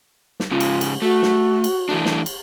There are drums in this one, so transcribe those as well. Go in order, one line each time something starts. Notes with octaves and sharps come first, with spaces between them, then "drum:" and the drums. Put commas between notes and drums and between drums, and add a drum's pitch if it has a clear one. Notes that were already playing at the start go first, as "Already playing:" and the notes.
drum: snare
G#2 C#3 G#3 F4
drum: cymbal
drum: cymbal
A3 F#4
drum: snare
drum: cymbal
E3 A3 D4
drum: snare
drum: cymbal